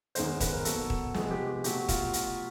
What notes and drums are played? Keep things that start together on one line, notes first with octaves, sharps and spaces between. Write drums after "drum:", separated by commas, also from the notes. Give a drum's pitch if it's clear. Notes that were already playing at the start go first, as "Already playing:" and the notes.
F#2 D#3 G#3 B3 C5, drum: hi-hat
C5
B4, drum: kick, hi-hat
A#4
B2 F#3 A#3 A4, drum: hi-hat
drum: kick
C3 F3 G#3 B3 G#4, drum: snare
G4
G4
B2 F#3 A3 G4, drum: hi-hat
F4, drum: kick, hi-hat
drum: hi-hat